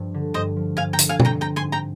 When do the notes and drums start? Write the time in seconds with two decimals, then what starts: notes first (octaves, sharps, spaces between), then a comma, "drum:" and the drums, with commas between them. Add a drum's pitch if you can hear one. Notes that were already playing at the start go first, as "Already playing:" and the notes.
Already playing: G2 F3
0.14 D3
0.34 G2 C5 D#5
0.56 F3
0.77 G2 F5 G#5
0.93 G5 A#5
0.99 D3, drum: hi-hat
1.09 F5 G#5
1.20 G2, drum: tom
1.25 G5 A#5
1.41 C4 G5 A#5
1.56 G#5 C6
1.61 G#2
1.72 G5 A#5